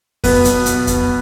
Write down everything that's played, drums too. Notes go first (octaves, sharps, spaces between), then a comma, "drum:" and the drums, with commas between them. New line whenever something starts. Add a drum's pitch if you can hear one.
B1 B3 B4, drum: kick F2, open hi-hat
B1, drum: hi-hat
B2, drum: hi-hat
B2, drum: kick F2, hi-hat